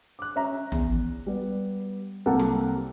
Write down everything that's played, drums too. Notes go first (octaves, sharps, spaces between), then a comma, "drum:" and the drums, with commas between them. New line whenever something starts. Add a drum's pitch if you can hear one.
D6 F#6
C#4 E5 A#5
E2, drum: tom
G3 B3
C2 C3 A#3 A4 A#4 F#5
drum: tom F#3